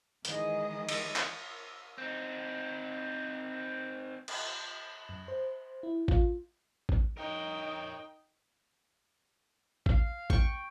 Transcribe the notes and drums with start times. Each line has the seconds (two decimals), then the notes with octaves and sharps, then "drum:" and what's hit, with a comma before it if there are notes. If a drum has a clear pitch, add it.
0.25 D#3 E3 G#3 G#4 D#5, drum: hi-hat
0.89 drum: cymbal
1.16 drum: clap
1.98 C4 D#4
4.28 drum: cymbal
5.09 F#2
5.28 C5
5.83 E4
6.08 F4, drum: kick A1
6.89 drum: kick A1
7.17 D#4 A#4 C#5 G5
9.86 F5, drum: kick A1
10.30 G5 C#6, drum: kick A1